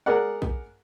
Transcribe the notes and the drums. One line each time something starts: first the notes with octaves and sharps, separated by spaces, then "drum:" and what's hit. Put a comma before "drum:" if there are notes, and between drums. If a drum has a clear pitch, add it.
G#4 A#4 D5 F#5
drum: kick